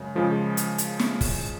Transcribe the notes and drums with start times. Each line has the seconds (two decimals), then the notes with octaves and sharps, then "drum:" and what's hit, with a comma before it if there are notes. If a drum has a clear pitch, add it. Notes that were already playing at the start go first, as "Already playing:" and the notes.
Already playing: F#2 C#3 G#3
0.15 C#3 F3 G#3
0.57 drum: hi-hat
0.78 drum: hi-hat
0.99 drum: snare
1.21 drum: kick, open hi-hat